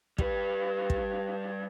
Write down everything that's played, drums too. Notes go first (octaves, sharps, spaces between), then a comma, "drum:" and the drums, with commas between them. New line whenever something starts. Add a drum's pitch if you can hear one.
G3 B4, drum: kick
drum: kick